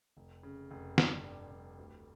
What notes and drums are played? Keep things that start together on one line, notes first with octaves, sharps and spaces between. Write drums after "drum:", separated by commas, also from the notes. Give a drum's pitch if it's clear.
F1
C#3
F1
G2, drum: snare
G3
G2
D2